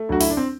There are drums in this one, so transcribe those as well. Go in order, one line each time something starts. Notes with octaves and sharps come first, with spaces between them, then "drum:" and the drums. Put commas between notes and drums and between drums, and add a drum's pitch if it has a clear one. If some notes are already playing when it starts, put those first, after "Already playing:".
Already playing: A3
D2 D3 F#3 F#4
E4, drum: open hi-hat
D4
C4